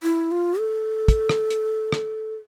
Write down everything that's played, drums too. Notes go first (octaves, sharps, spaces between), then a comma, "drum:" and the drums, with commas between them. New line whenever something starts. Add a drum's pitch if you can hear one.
E4
F4
A4
drum: kick, hi-hat
drum: rim click
drum: hi-hat
drum: rim click